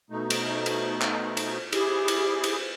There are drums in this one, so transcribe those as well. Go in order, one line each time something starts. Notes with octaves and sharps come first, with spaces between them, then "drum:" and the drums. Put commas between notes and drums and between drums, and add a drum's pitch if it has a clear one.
B2 A3 D#4
drum: cymbal
drum: cymbal
drum: clap
drum: cymbal
E4 G4 G#4, drum: cymbal
drum: cymbal
drum: cymbal